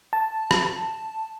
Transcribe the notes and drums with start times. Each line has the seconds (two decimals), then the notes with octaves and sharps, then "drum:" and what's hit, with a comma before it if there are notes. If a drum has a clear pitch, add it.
0.13 A5
0.51 drum: rim click